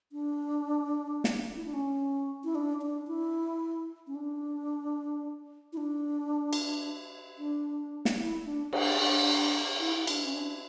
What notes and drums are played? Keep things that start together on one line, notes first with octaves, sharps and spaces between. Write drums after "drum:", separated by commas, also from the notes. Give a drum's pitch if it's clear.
D4
drum: snare
E4
D4
C#4
E4
D4
D4
E4
C#4
D4
E4
D4
drum: cymbal
D4
drum: snare
E4
D4
D4, drum: cymbal
D4
E4
E4
D4, drum: cymbal
C#4
D4